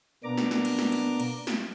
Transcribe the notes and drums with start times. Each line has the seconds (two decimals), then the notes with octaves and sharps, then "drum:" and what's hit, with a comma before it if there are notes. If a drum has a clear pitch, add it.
0.24 B2 A#3 B3 D4 A#5 D6
0.37 drum: snare
0.51 drum: snare
0.65 drum: cymbal
0.79 drum: snare
0.92 drum: cymbal
1.20 drum: cymbal
1.47 drum: snare